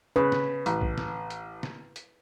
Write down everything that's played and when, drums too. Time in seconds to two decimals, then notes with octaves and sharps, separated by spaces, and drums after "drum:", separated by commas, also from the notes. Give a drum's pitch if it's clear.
0.16 C#3 B4
0.32 drum: snare
0.66 A1, drum: hi-hat
0.81 drum: kick
0.98 drum: snare
1.30 drum: hi-hat
1.63 drum: snare
1.96 drum: hi-hat